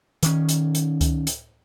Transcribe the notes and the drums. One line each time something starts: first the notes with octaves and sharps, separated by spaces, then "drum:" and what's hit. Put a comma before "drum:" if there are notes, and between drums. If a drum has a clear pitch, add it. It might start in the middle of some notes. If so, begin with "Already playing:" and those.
D#3 C#4, drum: hi-hat
drum: hi-hat
drum: hi-hat
drum: kick C#2, hi-hat
drum: hi-hat